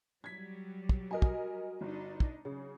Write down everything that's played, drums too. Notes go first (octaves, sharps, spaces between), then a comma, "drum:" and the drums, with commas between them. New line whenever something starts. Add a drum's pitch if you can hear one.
F#3 G3 G#6 B6
drum: kick
F#4 A#4 D#5 G#5
drum: kick
G1 D4 D#4
drum: kick
C#3 F#3 G#4